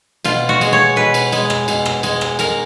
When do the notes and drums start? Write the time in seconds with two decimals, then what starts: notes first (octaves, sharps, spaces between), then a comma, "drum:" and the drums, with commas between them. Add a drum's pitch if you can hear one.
0.25 B2 F4, drum: cymbal
0.49 F#4
0.61 G#3, drum: cymbal
0.73 C#5
0.96 B2 B4
1.14 drum: cymbal
1.32 G#3, drum: cymbal
1.50 drum: rim click
1.68 B2, drum: cymbal
1.86 drum: rim click
2.03 G#3, drum: cymbal
2.21 drum: rim click
2.39 B2 A#4, drum: cymbal